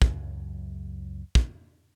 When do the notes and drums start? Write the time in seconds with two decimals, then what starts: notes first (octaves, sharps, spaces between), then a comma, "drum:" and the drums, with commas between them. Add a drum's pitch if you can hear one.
0.02 C#2 F#2 F#3, drum: kick
1.35 drum: kick